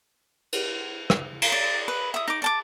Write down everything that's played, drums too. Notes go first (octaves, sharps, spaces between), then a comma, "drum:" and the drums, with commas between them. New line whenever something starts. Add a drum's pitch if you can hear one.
drum: cymbal
drum: rim click
drum: cymbal
D5
B4
E5 D#6
D#4 D6
D5 A5 D6